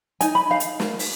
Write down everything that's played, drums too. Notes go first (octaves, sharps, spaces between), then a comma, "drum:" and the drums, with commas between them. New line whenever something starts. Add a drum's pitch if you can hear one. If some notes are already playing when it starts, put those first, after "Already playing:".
D#4 G#5, drum: hi-hat
B5
D#4 F5
drum: hi-hat
drum: snare
drum: open hi-hat